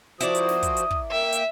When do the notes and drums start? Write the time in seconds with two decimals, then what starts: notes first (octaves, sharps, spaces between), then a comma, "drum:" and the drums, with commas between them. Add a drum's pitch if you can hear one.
0.21 F3 E4 F#4 A#4 C5 D5 D#6, drum: hi-hat
0.35 drum: hi-hat
0.49 drum: snare
0.63 drum: kick, hi-hat
0.77 drum: hi-hat
0.91 drum: kick
1.11 A#3 E5 G5
1.32 drum: hi-hat